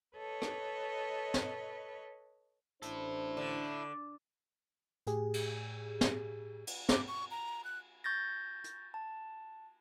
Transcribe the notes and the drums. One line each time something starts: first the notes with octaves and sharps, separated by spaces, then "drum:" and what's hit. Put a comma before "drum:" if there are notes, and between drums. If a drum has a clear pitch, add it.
A4 B4 C#5 D#5
drum: rim click
drum: snare
A1 D4 E4 A4 C5, drum: hi-hat
D3
A2 G4 G#4, drum: hi-hat
drum: cymbal
drum: snare
drum: cymbal
D6, drum: snare
C#6
A#5
F#6
C#6 G6 A6 A#6
drum: hi-hat
A5